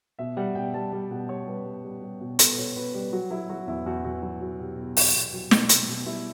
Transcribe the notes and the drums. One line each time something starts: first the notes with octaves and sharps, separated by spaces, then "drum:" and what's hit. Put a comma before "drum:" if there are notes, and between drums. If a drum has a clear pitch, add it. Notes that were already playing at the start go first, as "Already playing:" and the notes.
B2 E5
G3 F#5
B2 G5
G3 A5
G3
B2 F#5
G3 C#5
G3 B4
G3
G3
G3
B2
B2 A4, drum: hi-hat
B4
B2 C#5
B2 B4
G3 B4
F#3 F#4
F#3 E4
F#3 F#4
E2 E4
E2 F#4
E2 F#4
F#3 E4
F#3 F#4
B2 G4
B2
E2 F#4, drum: open hi-hat
E2
F#3
B2, drum: snare
B2, drum: hi-hat
B2
G3 E4